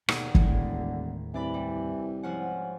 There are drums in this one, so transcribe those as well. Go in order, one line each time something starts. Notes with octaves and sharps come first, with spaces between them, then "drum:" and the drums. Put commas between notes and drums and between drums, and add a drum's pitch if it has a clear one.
D#2 B2 D3 D#3 G#4 F6, drum: rim click
E1 D#2 A2, drum: kick
C2 E3 D4 D5 B5
G3
G#2 F3 C#4 F#5